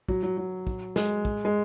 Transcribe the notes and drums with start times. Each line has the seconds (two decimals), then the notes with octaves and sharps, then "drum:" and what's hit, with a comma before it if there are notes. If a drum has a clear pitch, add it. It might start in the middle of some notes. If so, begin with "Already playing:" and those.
0.09 F#3, drum: kick
0.23 F#3
0.37 F#3
0.67 drum: kick
0.96 G#3, drum: snare
1.25 drum: kick
1.45 G#3